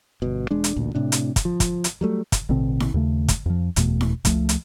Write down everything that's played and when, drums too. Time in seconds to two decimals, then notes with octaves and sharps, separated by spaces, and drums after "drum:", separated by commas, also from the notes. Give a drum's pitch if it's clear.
0.22 G1 B2
0.51 E1 G#3 D4
0.64 drum: hi-hat
0.76 A1 D2 A#2
0.95 A2 C3 D4
1.12 drum: hi-hat
1.36 drum: kick, hi-hat
1.45 F3
1.60 drum: kick, hi-hat
1.84 drum: hi-hat
2.01 F#3 G3 A3
2.32 drum: kick, hi-hat
2.49 A1 B2 D3 C4
2.80 drum: snare E4
2.94 D#2 C#3 A3
3.28 drum: kick, hi-hat
3.46 F2 F3
3.76 F#1 E2 B2 A3, drum: hi-hat
4.01 drum: snare E4
4.25 C#2 F3 A3, drum: kick, hi-hat
4.49 drum: hi-hat